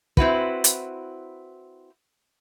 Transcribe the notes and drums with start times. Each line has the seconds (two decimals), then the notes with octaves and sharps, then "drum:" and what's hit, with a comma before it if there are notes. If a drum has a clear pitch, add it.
0.17 C4 E4 F#4 B4, drum: kick
0.64 drum: hi-hat